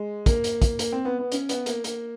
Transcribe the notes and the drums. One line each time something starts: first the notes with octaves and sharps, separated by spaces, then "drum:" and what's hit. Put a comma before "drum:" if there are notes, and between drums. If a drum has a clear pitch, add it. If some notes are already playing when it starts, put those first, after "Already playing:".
Already playing: G#3
A#3, drum: kick, hi-hat
drum: hi-hat
drum: kick, hi-hat
A#3, drum: hi-hat
C4
B3
B3
C#4, drum: hi-hat
B3, drum: hi-hat
A#3, drum: hi-hat
A#3, drum: hi-hat